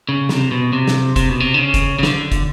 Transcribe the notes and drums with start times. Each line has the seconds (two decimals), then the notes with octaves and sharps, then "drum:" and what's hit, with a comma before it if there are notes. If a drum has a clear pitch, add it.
0.09 C#3
0.29 C3, drum: snare
0.51 B2
0.73 C3
0.88 drum: snare
1.16 C3, drum: kick, hi-hat
1.29 B2
1.40 C3
1.54 D3
1.59 C#3
1.74 drum: kick, hi-hat
1.99 C#3
2.03 D3, drum: snare
2.32 drum: kick, hi-hat